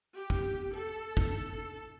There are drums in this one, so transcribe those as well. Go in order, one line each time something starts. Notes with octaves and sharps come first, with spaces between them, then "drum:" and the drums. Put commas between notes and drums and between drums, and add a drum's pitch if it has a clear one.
G4
drum: kick
A4
drum: kick